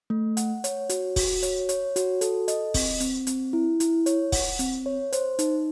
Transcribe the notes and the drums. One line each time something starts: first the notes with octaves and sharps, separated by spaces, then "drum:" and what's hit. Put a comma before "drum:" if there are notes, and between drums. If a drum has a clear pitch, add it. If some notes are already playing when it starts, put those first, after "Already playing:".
A3
F#5, drum: hi-hat
C#5, drum: hi-hat
F#4, drum: hi-hat
F#4, drum: kick, open hi-hat
C#5, drum: hi-hat
C#5, drum: hi-hat
F#4, drum: hi-hat
A4, drum: hi-hat
D#5, drum: hi-hat
C4, drum: kick, open hi-hat
C4, drum: hi-hat
C4, drum: hi-hat
E4
E4, drum: hi-hat
C#5, drum: hi-hat
F#5, drum: kick, open hi-hat
C4, drum: hi-hat
C#5
C5, drum: hi-hat
D#4, drum: hi-hat